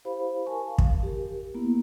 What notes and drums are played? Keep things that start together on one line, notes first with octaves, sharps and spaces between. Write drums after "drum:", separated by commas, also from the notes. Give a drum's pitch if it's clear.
E4 G4 C5 F5 B5
A#4 G#5 A5 C#6
F5
drum: kick
G4 A#4
A#3 B3 E4